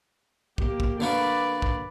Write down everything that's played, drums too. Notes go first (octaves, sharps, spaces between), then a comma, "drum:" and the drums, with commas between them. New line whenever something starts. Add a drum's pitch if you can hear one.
A#3 G4, drum: kick
drum: kick
D3 A#3 F#4 B4 D5
drum: kick